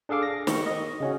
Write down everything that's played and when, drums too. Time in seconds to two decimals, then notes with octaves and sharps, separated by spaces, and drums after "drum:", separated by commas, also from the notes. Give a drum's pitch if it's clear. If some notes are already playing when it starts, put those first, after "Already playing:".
0.09 D4 G#4 A4 F5 D6
0.23 A#6
0.47 D#3 C#6, drum: snare
0.66 D#5
1.00 C#3 C#4 F#4